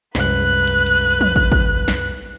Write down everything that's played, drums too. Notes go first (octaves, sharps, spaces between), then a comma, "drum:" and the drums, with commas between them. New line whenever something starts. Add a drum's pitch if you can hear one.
C2 F#2 G#3 B4 F#6, drum: snare
drum: hi-hat
drum: cymbal
drum: tom
drum: kick
drum: kick
drum: snare